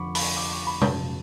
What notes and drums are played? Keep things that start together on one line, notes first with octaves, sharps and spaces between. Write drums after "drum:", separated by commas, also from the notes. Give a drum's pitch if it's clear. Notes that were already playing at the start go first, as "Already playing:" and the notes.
Already playing: F1 F2 D3 F3 B5 C#6 D6
B5, drum: open hi-hat
C#6
D6
C#6
B5
F1 F2 C#3 F#3 A5, drum: tom C3